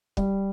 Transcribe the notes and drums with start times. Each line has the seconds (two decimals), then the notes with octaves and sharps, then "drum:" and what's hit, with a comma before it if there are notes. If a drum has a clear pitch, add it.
0.17 G3, drum: kick